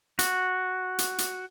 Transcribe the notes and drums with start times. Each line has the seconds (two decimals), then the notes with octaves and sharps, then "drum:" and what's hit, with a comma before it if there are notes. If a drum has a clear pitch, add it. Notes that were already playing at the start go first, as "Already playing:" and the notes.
0.19 F#4, drum: hi-hat
0.99 drum: hi-hat
1.18 drum: hi-hat